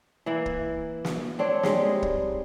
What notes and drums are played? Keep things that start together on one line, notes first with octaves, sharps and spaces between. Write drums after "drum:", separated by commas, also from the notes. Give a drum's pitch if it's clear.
E3 A#3 E4
drum: kick
drum: snare
C4 D4 C#5
G3 G#3 D#4, drum: snare
drum: kick